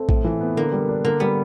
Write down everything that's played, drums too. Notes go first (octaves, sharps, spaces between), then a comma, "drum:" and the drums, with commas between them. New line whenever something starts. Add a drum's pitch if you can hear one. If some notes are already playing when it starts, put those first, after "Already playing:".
Already playing: A3 C4
A2, drum: kick A#1
E3
B3
D3 A#3
G3
D4
D3 A#3
G3 B3